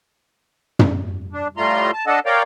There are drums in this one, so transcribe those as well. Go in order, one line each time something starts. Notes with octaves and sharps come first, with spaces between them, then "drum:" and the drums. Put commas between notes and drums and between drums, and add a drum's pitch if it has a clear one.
drum: tom
D4
A2 G3 A3 F4 A#5 C6
A5
D4 A4 D#5 F#5 A5
A#4 C#5 D5 F5 G5 A#5